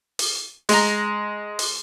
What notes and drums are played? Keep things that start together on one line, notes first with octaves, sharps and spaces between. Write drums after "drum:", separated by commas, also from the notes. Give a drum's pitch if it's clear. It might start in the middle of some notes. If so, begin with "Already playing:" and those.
drum: open hi-hat
G#3 A#5, drum: open hi-hat
drum: open hi-hat